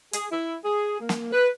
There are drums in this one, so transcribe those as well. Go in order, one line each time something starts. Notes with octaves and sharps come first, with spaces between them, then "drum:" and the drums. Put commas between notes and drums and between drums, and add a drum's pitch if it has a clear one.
G#4, drum: hi-hat
E4
G#4
A#3
drum: snare
B4